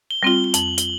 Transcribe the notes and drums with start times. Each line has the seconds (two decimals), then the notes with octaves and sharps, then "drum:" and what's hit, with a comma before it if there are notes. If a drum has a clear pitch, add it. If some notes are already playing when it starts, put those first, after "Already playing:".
0.11 G7
0.23 G3 C4 F4 G7
0.44 G7
0.54 F2 F#7, drum: hi-hat
0.78 G7, drum: hi-hat